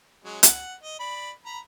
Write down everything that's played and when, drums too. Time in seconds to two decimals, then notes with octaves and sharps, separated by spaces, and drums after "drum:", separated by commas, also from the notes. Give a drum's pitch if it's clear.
0.25 F#3 G#3 C#4
0.43 F#5, drum: hi-hat
0.83 D#5
1.00 D5 B5
1.46 A#5 B5